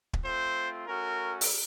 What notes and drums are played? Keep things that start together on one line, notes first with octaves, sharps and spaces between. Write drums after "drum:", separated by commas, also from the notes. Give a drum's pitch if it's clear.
drum: kick
A3 C4 F4 C5
A3 C#4 F#4 A#4
drum: open hi-hat